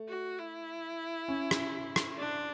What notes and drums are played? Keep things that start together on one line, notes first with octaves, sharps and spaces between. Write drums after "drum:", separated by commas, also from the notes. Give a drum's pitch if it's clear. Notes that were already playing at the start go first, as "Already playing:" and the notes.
Already playing: A3
F#4
E4
C#4
drum: rim click
drum: rim click
D4